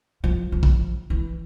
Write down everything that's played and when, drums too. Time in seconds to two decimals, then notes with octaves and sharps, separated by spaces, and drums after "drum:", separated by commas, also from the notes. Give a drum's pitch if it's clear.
0.24 F3
0.52 F3
0.63 drum: kick
1.10 E3